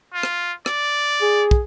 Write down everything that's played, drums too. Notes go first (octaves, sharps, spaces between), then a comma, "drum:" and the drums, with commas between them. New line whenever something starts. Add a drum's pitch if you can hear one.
F4
drum: rim click
D5, drum: rim click
G#4
drum: kick